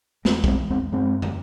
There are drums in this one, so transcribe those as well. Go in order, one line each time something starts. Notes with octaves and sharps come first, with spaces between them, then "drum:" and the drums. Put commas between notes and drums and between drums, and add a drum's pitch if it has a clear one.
E2 G#3 C4, drum: snare
A#3, drum: kick
G#3 C4
E2
G#3 C4
G2 G#3 C4
drum: tom